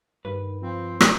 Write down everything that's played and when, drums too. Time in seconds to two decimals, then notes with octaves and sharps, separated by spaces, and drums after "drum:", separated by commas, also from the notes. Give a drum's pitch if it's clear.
0.25 G2 D#3 B4
0.61 F3 C4
1.01 drum: rim click